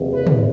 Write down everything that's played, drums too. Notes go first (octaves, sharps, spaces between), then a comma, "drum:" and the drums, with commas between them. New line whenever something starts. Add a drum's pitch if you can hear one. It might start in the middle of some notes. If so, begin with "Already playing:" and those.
Already playing: F#1 E2 C3
B4
drum: tom